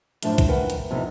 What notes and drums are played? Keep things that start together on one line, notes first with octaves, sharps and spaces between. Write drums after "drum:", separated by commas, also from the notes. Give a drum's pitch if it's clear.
F#2 A2 F3 D4 C5, drum: hi-hat
drum: kick, hi-hat
D#3 A#4 B4 F#5 G#5
drum: hi-hat
F2 C3 E3 G#3 B3 D#4